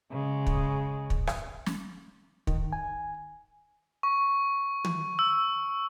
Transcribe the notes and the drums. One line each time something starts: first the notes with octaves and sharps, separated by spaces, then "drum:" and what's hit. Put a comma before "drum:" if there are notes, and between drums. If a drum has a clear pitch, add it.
C#3 G#3
drum: kick
drum: kick
drum: rim click
drum: snare
D#3, drum: kick
G#5
C#6
drum: tom
E6